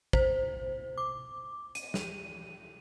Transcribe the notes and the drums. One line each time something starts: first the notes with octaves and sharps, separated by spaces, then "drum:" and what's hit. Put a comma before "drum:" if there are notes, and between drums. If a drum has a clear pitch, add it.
C5, drum: kick
D6
D#7, drum: hi-hat
drum: snare